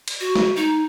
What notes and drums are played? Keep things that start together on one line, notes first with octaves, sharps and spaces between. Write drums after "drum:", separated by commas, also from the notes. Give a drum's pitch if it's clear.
drum: cymbal
F#4
drum: snare
D#4